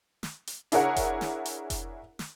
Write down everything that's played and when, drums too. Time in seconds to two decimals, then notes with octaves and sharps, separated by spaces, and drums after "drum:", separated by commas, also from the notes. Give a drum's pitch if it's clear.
0.23 drum: snare
0.47 drum: hi-hat
0.72 D4 E4 G#4 A#4 C#5 F#5, drum: hi-hat
0.96 drum: kick F1, hi-hat
1.21 drum: snare
1.45 drum: hi-hat
1.70 drum: kick F1, hi-hat
2.19 drum: snare